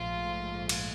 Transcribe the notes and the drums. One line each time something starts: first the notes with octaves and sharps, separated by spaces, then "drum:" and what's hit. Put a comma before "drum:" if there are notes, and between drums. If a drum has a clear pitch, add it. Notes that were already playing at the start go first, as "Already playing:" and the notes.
Already playing: A#1 G#2 F3 A3 F4
drum: cymbal